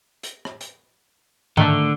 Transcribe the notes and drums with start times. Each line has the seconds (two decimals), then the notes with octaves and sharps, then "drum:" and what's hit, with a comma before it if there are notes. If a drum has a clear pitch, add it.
0.23 drum: hi-hat
0.45 drum: rim click
0.61 drum: hi-hat
1.57 D3 D#3 A3, drum: tom G#2